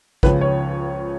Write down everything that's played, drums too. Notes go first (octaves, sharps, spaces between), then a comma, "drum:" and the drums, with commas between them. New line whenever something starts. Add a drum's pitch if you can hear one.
C#2 C#3 F3 B4, drum: kick
C#5